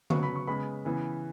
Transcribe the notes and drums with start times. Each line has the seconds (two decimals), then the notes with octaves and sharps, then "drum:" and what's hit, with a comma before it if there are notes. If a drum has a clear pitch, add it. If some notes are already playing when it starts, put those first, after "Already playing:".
0.10 C#3 F#3 B3 C#6, drum: tom D3
0.23 B5
0.35 C#6
0.47 C#3 G#3 B3 B5
0.85 C#3 E3 B3